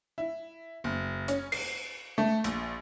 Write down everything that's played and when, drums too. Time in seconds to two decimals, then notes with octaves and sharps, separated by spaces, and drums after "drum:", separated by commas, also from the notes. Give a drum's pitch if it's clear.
0.18 E4
0.84 F#1
1.28 C#4, drum: hi-hat
1.52 C7, drum: cymbal
2.18 A3
2.44 A#1, drum: hi-hat